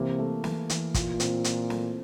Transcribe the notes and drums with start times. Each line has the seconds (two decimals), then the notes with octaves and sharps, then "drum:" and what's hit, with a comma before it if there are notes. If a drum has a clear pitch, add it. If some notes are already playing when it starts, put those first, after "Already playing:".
Already playing: C3 E3 A#3
0.18 A3
0.44 E3, drum: snare
0.70 E3, drum: hi-hat
0.94 A#2 F4, drum: kick, hi-hat
1.20 C4, drum: hi-hat
1.44 F4, drum: hi-hat
1.70 A3, drum: snare